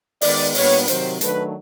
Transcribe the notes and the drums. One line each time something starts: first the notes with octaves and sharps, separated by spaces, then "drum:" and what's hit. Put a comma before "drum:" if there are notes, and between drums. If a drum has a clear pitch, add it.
D#3 G#3 B3 D5, drum: open hi-hat
A#2 G3 B3 D4 C#5, drum: open hi-hat
C3 D#3 F#3 C5, drum: hi-hat
D#3 F#3 A3 D4 B4, drum: hi-hat